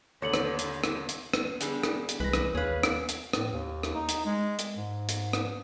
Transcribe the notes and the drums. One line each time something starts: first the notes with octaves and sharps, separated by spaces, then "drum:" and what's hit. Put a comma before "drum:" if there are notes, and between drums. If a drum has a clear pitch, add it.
D#2 D3 A4 C#5 C#7 F#7
drum: rim click
drum: hi-hat
drum: rim click
drum: hi-hat
drum: rim click
D3 G3 B3 G#4, drum: hi-hat
drum: rim click
drum: hi-hat
C2 E3 G#3 B4 A#6
drum: rim click
D#2 G#4 B4 C#5 F5
drum: rim click
drum: hi-hat
A2, drum: rim click
D#2
drum: rim click
D#4
drum: hi-hat
G#3
drum: hi-hat
G#2
drum: hi-hat
drum: rim click